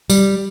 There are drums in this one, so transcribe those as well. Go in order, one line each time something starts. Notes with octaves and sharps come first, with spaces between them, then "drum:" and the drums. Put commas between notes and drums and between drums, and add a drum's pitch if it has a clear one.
G3, drum: tambourine